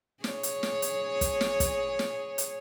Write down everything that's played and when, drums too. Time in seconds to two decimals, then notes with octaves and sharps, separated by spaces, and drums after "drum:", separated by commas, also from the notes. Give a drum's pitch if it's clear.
0.24 G#4 C#5, drum: snare
0.43 drum: hi-hat
0.63 drum: snare
0.82 drum: hi-hat
1.21 drum: kick, hi-hat
1.41 drum: snare
1.60 drum: kick, hi-hat
1.99 drum: snare
2.38 drum: hi-hat